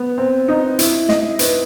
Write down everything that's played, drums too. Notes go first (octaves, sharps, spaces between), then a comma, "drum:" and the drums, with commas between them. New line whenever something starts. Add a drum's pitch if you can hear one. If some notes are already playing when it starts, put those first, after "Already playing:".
Already playing: B3
C4
D#4
E4, drum: hi-hat
D#5, drum: snare
B4, drum: hi-hat